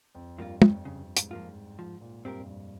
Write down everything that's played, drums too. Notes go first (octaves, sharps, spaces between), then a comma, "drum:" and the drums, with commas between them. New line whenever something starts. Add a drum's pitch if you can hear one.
F2
G2 F3 A#3 F4
F2, drum: tom
G2 C#3
G#2, drum: hi-hat
F3 A#3 F4
G#2
G#2 F3
A#2
G2 C4 G4 A#4
F2
G2